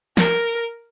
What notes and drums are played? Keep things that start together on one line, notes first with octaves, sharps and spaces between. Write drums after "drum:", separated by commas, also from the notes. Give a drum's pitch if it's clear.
A#4, drum: snare